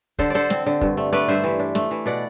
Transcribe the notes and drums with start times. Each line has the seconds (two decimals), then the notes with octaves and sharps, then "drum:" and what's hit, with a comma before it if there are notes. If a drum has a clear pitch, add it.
0.19 D3 A4 C5, drum: kick
0.30 D3 A4 C5 D5
0.50 C4, drum: snare
0.66 D3
0.81 G2, drum: kick
0.97 A3
1.12 A3 B4 D5
1.28 G2 C5 E5
1.44 E3
1.60 D4
1.75 A3, drum: snare
1.91 E3
2.06 B2 D5 F#5